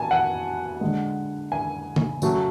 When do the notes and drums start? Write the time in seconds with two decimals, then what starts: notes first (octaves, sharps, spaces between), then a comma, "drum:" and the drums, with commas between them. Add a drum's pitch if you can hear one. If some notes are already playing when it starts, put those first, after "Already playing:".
Already playing: B2 G#5 A5
0.11 F#5
0.81 D3 G#3
1.52 G#5
1.96 drum: tom C#3
2.22 C#3 F#3 A3, drum: tambourine